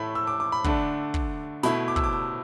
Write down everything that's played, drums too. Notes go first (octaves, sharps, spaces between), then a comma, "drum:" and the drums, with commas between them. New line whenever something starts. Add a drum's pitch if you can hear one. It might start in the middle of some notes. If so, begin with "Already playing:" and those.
Already playing: A2 A3 E4 B5
E6
D6
D6
B5
D3 A3 D4, drum: kick
drum: kick
B2 A3 E4 B5, drum: snare
D6
E6, drum: kick
D6
E6